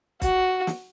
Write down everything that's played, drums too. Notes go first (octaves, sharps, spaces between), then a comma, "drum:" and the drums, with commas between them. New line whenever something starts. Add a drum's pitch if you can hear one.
F#4, drum: kick, hi-hat
drum: snare